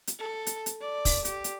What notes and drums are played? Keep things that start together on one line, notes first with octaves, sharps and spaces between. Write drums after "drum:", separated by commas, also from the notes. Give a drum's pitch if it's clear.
drum: hi-hat
A4
drum: hi-hat
drum: hi-hat
D5
drum: kick, open hi-hat
G4, drum: hi-hat
drum: hi-hat